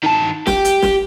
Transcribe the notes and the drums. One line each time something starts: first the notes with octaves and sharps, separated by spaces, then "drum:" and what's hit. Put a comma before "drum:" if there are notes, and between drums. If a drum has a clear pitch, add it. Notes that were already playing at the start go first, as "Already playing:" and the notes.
D#3 A5
G4, drum: snare
drum: hi-hat
drum: snare